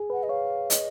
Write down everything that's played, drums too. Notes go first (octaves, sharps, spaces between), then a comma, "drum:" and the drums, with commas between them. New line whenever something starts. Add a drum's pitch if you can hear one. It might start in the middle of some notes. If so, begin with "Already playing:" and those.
Already playing: G#4
B4 F#5
D#5
C#5 F5
D#5, drum: hi-hat